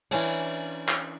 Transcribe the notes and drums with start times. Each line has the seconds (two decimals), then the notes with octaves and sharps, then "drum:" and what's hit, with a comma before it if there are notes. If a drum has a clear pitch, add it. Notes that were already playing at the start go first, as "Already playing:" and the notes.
0.11 E3 C#4 D4, drum: cymbal
0.89 drum: clap